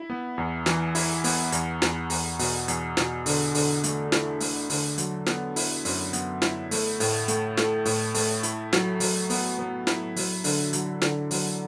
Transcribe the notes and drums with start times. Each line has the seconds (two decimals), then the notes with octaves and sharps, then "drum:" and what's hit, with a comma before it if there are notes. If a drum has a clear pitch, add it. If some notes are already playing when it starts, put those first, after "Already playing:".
Already playing: E4
0.10 B3
0.38 E2
0.66 E3, drum: snare
0.95 E4, drum: open hi-hat
1.24 B3, drum: open hi-hat
1.52 E2, drum: hi-hat
1.82 E2, drum: snare
2.10 E2, drum: open hi-hat
2.39 B2, drum: open hi-hat
2.68 E2, drum: hi-hat
2.97 B2, drum: snare
3.26 D3, drum: open hi-hat
3.55 D3, drum: open hi-hat
3.84 A3, drum: hi-hat
4.12 E4, drum: snare
4.40 A3, drum: open hi-hat
4.70 D3, drum: open hi-hat
4.98 F#3, drum: hi-hat
5.26 B3, drum: snare
5.56 E4, drum: open hi-hat
5.85 F#2, drum: open hi-hat
6.13 B3, drum: hi-hat
6.42 E4, drum: snare
6.71 A3, drum: open hi-hat
7.00 A2, drum: open hi-hat
7.28 A3, drum: hi-hat
7.57 A3, drum: snare
7.85 A2, drum: open hi-hat
8.14 A3, drum: open hi-hat
8.43 E4, drum: hi-hat
8.73 F#3, drum: snare
9.00 F#3, drum: open hi-hat
9.30 B3, drum: open hi-hat
9.59 B3
9.87 E4, drum: snare
10.16 F#3, drum: open hi-hat
10.44 D3, drum: open hi-hat
10.73 F#3, drum: hi-hat
11.02 D3, drum: snare
11.31 F#3, drum: open hi-hat